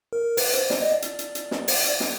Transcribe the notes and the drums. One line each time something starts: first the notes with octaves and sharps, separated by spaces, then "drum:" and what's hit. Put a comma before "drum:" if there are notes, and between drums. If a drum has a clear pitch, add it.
A#4
B4, drum: open hi-hat
C5, drum: hi-hat
D5, drum: snare
D#5
D5
drum: hi-hat
drum: hi-hat
drum: hi-hat
drum: snare
drum: open hi-hat
drum: hi-hat
drum: snare